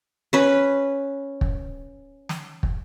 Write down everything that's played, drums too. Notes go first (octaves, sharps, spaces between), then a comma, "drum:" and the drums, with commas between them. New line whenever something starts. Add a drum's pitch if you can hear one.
C#4 B4
drum: kick
drum: snare
drum: kick